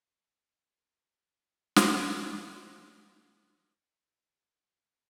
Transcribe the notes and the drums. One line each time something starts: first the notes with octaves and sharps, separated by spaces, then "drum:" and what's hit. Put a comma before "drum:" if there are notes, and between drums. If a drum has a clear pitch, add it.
F3 B3 A#4
drum: snare
A#3 C5
G3 D4 D#4
F4 F#4